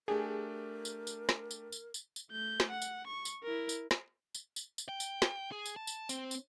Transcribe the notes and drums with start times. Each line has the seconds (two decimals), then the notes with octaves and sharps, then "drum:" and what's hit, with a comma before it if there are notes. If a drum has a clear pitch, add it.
0.08 A3 D4 G4 G#4 A#4
0.85 drum: tambourine
1.07 drum: tambourine
1.29 drum: snare
1.51 drum: tambourine
1.72 drum: tambourine
1.94 drum: tambourine
2.16 drum: tambourine
2.31 A3 G6
2.60 drum: snare
2.70 F#5
2.82 drum: tambourine
3.07 C#6
3.25 drum: tambourine
3.43 E4 A#4
3.69 drum: tambourine
3.91 drum: snare
4.34 drum: tambourine
4.56 drum: tambourine
4.78 drum: tambourine
4.89 G5
5.00 drum: tambourine
5.22 drum: snare
5.52 G#4
5.66 drum: tambourine
5.76 A5
5.87 drum: tambourine
6.09 C4, drum: tambourine
6.31 drum: tambourine